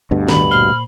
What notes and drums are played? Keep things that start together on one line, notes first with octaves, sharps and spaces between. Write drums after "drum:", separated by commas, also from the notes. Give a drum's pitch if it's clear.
D2 G2 B2
A2 D#3 B5, drum: snare
A#2 C5 C6 F6